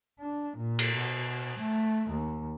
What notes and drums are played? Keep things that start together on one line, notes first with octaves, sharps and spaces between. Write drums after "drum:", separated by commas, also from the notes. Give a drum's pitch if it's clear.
D4
A#2
drum: cymbal
B2
A3
D#2